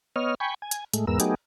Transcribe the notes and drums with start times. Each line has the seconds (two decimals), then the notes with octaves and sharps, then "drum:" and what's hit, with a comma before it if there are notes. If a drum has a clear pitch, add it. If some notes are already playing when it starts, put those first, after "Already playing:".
0.16 B3 C#5 D#5 F6
0.40 G5 G#5 B5 C#6
0.62 G#5
0.71 drum: hi-hat
0.93 A2 G#3 A3, drum: hi-hat
1.07 E2 G#2 G#3 B3 A#4 E6
1.20 F#3 A3 B3 D#4 G4 G#4, drum: hi-hat